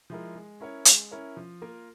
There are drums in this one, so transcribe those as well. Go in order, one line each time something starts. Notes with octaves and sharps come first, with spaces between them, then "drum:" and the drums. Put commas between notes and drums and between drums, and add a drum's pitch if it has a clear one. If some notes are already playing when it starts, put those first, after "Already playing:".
F3 G#3 E4 A#4
G#3
C#4 E4 A#4 C#5
G#3, drum: hi-hat
C#4 E4 A#4 C#5
F3
A#3 F4 A#4